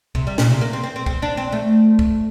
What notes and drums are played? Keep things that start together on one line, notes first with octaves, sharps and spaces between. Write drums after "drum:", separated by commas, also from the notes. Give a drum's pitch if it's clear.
C3, drum: kick
G3
A#2, drum: snare
C3
A#3
C4
C4
C4
C4, drum: kick
D4
C4
A3
drum: kick